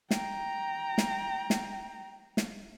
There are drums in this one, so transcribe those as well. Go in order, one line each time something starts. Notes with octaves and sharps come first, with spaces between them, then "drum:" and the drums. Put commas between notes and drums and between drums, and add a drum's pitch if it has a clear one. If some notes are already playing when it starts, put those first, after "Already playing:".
G5 A#5, drum: snare
drum: snare
drum: snare
drum: snare